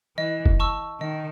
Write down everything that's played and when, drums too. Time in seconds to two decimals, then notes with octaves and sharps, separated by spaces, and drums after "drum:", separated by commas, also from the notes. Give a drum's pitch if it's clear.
0.17 E3 D#5
0.46 drum: kick
0.60 A5 C#6 E6
1.01 D#3 D#5